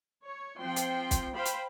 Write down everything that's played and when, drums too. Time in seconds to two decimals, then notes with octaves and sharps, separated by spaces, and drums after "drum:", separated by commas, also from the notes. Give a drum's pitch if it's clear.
0.25 C#5
0.59 F3 C4 G5 C6
0.76 drum: hi-hat
1.11 drum: kick, hi-hat
1.35 C5 F5 G5 B5
1.45 drum: hi-hat